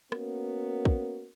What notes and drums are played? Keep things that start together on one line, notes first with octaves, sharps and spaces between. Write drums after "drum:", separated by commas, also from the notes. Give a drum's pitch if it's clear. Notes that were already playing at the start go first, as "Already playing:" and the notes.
A#3 B3 C#4 F#4 A#4, drum: rim click
drum: kick